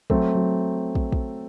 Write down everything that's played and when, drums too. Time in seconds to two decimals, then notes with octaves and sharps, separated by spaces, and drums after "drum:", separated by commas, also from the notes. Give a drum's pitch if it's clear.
0.10 F#3 A3 C4, drum: kick
0.35 F#3
0.95 drum: kick
1.12 drum: kick